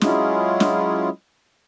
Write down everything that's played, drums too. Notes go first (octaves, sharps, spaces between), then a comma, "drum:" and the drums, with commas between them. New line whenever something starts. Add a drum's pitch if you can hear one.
F#3 G#3 C#4 E4 F4 G#4, drum: snare
drum: snare